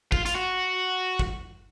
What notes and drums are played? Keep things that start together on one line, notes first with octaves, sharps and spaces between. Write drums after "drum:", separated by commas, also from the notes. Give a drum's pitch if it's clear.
F4, drum: kick
F4, drum: hi-hat
F#4
drum: kick